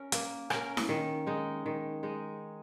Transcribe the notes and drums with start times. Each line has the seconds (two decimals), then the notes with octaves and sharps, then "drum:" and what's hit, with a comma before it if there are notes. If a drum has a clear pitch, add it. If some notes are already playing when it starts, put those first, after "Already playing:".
Already playing: C#4 A#4
0.12 A#3, drum: hi-hat
0.50 C#4 A#4, drum: rim click
0.77 drum: snare E4
0.89 D#3
1.27 G#3 D#4
1.66 D#3
2.03 G#3 D#4